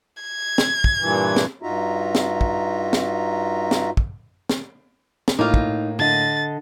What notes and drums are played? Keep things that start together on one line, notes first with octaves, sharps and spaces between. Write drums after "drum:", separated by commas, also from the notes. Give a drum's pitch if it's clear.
G#6
drum: snare
drum: kick
G2 A#2 E3
drum: snare
G2 D#4 F4 F#4 E5 A#5
drum: snare
drum: kick
drum: snare
drum: snare
drum: kick
drum: snare
drum: snare
A2 A#3 D#4 F4
drum: kick
D3 D#5 A6